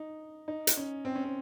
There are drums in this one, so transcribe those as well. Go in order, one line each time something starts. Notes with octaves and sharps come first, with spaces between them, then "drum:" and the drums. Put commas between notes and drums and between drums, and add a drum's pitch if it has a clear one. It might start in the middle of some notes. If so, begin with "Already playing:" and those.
Already playing: D#4
D#4
drum: hi-hat
C#4
C4
C#4
C4